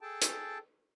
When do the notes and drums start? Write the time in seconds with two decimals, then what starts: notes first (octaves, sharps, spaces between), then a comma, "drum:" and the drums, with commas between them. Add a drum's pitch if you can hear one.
0.01 G#4 A4 G5 A5
0.22 drum: hi-hat